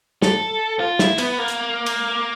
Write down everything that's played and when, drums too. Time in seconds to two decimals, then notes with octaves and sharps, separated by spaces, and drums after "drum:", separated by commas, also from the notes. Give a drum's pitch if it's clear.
0.22 A4, drum: snare
0.80 F4
0.99 E4, drum: snare
1.18 B3, drum: cymbal
1.38 A#3
1.48 drum: hi-hat
1.86 drum: cymbal